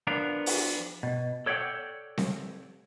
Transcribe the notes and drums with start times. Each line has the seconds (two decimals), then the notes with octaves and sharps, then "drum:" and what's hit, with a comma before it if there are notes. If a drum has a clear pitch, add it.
0.07 F3 B3 D4 A#4
0.46 drum: open hi-hat
1.03 B2
1.46 A4 C#5 D5 E5 F#5 G5
2.18 drum: snare C4